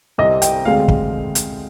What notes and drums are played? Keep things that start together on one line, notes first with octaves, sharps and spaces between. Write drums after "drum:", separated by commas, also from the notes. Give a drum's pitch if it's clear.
C2 C3 G3 C4 D#5
G5, drum: hi-hat
D2 D3 G#3 C4 F5
drum: kick
drum: hi-hat